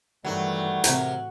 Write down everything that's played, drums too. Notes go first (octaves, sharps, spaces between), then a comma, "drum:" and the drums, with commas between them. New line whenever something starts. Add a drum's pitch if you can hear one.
G2 D#3 E3 F#3 G3 A3
A2 C3 A#4, drum: hi-hat